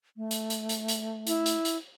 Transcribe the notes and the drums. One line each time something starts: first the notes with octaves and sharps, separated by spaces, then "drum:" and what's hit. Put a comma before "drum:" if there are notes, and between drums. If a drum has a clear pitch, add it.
A3
drum: hi-hat
drum: hi-hat
drum: hi-hat
drum: hi-hat
E4, drum: hi-hat
drum: hi-hat
drum: hi-hat